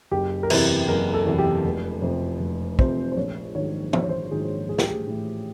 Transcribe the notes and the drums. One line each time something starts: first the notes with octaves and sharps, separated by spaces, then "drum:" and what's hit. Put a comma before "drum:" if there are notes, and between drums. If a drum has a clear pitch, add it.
F#1 G4
A#4
E2 C3 E3 B4, drum: cymbal
F#1 A#4
A4
E2 C3 E3
G4
F1
F2 C3 F3
F1
F2 C3 F3 C5, drum: kick
C5
A#1 C#5
G#2 D#3 F#3 C#5
A#1 C5, drum: tom
C#5
C5
G#2 D#3 F#3 G#4
A1 G#4
G4, drum: snare
G#4
A2 E3